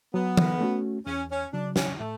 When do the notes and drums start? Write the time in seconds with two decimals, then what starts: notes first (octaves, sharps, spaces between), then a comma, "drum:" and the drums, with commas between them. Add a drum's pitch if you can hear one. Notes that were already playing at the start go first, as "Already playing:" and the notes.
0.14 F#3 B3
0.37 drum: tom E3
0.61 A3 C#4 F#4
1.06 E2 C#4
1.31 C#4
1.53 C#3 F#3 D4
1.76 C#4, drum: snare
1.99 A2 A3